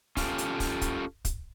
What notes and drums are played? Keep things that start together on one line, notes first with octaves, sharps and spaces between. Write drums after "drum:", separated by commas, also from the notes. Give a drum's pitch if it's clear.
C#4 F4 G4 A4, drum: kick, open hi-hat
drum: hi-hat
drum: kick, open hi-hat
drum: kick, hi-hat
drum: kick, hi-hat